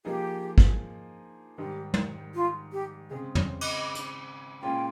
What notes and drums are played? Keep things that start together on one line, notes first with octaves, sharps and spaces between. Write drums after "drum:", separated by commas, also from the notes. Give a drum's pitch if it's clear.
F3 A#3 D#4 G4 G#4
drum: kick
G#2 D#3 G3 G4
drum: tom
F4
G4
C#3 G#3 C4 G#4
C#5, drum: tom
D#5, drum: cymbal
drum: hi-hat
A#2 G#3 C#4 F4 G5